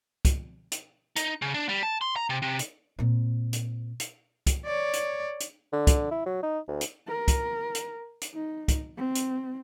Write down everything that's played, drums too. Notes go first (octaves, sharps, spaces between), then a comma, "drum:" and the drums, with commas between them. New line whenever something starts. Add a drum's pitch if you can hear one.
drum: kick, hi-hat
drum: hi-hat
D#4, drum: hi-hat
C#3
D4
G3
A5
C6
A#5
C3
C3
drum: hi-hat
A#2 C4
drum: hi-hat
drum: hi-hat
drum: kick, hi-hat
C#5 D5
drum: hi-hat
drum: hi-hat
D3
drum: kick, hi-hat
E4
F#3
D#4
D2
drum: hi-hat
A#4
drum: kick, hi-hat
drum: hi-hat
drum: hi-hat
D#4
drum: kick, hi-hat
C4
drum: hi-hat